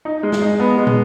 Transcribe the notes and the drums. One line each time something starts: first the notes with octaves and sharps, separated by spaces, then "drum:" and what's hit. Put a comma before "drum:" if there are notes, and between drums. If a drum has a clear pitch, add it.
D#4
G#3
drum: snare
D#4
B3
G#3
drum: tom